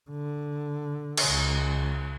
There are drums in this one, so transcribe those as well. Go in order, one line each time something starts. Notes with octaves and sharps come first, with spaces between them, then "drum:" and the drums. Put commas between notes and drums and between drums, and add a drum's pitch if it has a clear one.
D3
drum: cymbal
C#2